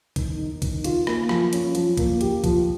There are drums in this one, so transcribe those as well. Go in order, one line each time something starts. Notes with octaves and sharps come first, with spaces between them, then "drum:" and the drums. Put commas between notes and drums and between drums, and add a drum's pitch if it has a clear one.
D#3, drum: kick B1, hi-hat
D#4
D#3, drum: kick B1, hi-hat
F4, drum: hi-hat
A#3, drum: rim click
F3, drum: rim click
C#4, drum: hi-hat
F3, drum: hi-hat
A#3, drum: kick B1, hi-hat
G4, drum: hi-hat
F3, drum: kick B1, hi-hat